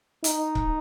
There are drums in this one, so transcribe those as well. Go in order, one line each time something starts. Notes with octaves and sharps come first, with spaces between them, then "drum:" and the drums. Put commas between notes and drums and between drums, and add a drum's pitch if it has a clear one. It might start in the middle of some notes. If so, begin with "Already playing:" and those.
D#4, drum: hi-hat
drum: kick C#1